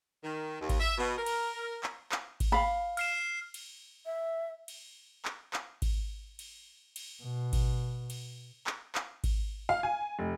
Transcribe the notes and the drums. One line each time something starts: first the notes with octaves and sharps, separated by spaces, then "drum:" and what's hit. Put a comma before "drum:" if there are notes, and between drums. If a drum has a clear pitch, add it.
D#3
D#2
drum: kick G#1, cymbal
E5
B2
A#4
drum: cymbal
drum: clap
drum: clap
drum: kick G#1, cymbal
F5 B5
F6 C7 E7, drum: cymbal
drum: cymbal
E5
drum: cymbal
drum: clap
drum: clap
drum: kick G#1, cymbal
drum: cymbal
drum: cymbal
B2
drum: kick G#1, cymbal
drum: cymbal
drum: clap
drum: clap
drum: kick G#1, cymbal
F5
G#5
F1